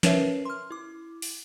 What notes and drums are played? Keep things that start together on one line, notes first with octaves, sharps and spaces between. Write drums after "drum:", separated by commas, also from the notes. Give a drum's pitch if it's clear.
C#4 A#4 B4 C#5 E5 C7, drum: snare
C6 F6
E4 D6
drum: open hi-hat